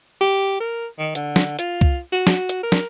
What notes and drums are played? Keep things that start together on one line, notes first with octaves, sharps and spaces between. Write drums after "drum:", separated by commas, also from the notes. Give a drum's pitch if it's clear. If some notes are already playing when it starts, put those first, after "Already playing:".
G4
A#4
D#3
D3, drum: hi-hat
drum: snare
F4, drum: hi-hat
drum: kick C2
F#4
drum: snare
drum: hi-hat
A#4
drum: snare